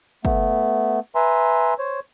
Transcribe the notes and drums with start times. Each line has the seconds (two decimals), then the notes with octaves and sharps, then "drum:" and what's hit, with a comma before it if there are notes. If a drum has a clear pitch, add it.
0.25 A3 B3, drum: kick
1.15 B4 E5 G#5 A#5 C6
1.78 C5 C#5